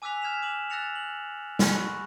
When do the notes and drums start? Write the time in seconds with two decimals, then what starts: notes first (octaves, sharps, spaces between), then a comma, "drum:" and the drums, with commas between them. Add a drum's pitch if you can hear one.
0.02 G#5 D6 E6 F#6 B6 F7
0.22 F6 G#6 B6 E7 F7
0.42 D6 E7 F#7
0.70 E6 F#6 A6 A#6 C#7 F7
0.95 F#7
1.59 drum: snare
1.69 B5 C#6 F#6 A#6